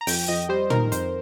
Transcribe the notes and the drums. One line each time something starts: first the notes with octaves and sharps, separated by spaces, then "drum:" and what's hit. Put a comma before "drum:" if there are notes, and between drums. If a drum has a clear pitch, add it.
A#5
F2 G5, drum: open hi-hat
F2 D#5
G3 C5
D#3 A#4, drum: tom
F2 C5, drum: hi-hat